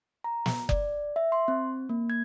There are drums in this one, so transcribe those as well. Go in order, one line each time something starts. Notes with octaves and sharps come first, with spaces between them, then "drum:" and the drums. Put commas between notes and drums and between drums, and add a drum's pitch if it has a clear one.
A#5
drum: snare
D5, drum: kick F#1
E5
C6
C4
A#3
G#6